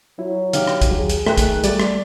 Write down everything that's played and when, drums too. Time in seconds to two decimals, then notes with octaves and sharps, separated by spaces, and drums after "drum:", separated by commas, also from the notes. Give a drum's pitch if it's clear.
0.19 F#3 E4
0.53 D3 D#4 G4 F5, drum: hi-hat
0.67 drum: rim click
0.81 drum: kick A#1, hi-hat
0.91 D#2 F#3 G#4
1.09 drum: hi-hat
1.26 D#3 A3 F#6, drum: rim click
1.38 drum: kick A#1, hi-hat
1.64 G3 A3 D5, drum: hi-hat
1.80 drum: rim click